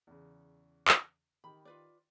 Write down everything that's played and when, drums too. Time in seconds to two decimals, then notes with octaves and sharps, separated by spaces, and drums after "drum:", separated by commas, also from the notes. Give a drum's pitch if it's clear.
0.07 E2 C#3
0.88 drum: clap
1.44 D#3 G4 B5
1.65 F4 B4 D5